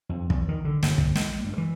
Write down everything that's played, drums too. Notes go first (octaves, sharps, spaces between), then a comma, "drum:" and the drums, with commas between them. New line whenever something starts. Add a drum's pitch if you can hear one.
F2
E2, drum: kick
D#3
D3
G1, drum: snare
drum: kick
G#3, drum: snare
G2
E3